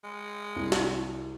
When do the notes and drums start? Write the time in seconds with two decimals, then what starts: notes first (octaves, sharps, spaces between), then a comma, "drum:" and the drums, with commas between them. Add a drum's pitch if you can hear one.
0.04 G#3
0.56 C2
0.72 drum: snare